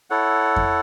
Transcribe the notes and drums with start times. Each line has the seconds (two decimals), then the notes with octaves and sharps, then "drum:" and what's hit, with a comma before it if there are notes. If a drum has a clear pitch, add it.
0.10 E4 A4 C#5 F#5
0.56 drum: kick F2